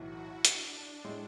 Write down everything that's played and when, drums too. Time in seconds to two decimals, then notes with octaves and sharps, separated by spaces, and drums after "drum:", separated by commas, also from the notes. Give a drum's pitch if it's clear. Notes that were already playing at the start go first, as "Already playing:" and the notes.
Already playing: B1 A2 E3 F#4
0.15 E4
0.45 D4, drum: hi-hat
1.04 A2 G#3